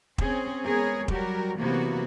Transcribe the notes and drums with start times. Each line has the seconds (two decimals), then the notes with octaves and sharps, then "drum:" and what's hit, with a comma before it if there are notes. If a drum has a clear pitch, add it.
0.18 C4 C#4 G#4, drum: kick
0.65 G#3 B3 G#4 A#4 C#5
1.08 F#3 G3 F#4 G4 A#4, drum: kick
1.57 C3 E3 F#3 A#3 B3 F#4